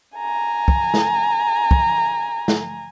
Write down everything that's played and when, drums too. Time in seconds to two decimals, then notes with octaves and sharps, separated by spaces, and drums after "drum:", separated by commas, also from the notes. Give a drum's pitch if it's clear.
0.17 G#5 A#5
0.68 drum: kick
0.94 drum: snare
1.71 drum: kick
2.48 drum: snare